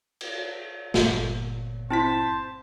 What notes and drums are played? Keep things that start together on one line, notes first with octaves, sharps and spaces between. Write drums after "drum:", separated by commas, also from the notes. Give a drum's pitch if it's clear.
drum: cymbal
G1 A#2, drum: snare
C4 E4 C5 A5 B6